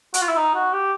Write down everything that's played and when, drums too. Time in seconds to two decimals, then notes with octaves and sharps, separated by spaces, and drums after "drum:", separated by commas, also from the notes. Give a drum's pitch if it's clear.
0.14 F#4, drum: hi-hat
0.22 F4
0.29 E4
0.36 D#4
0.55 F#4
0.73 G4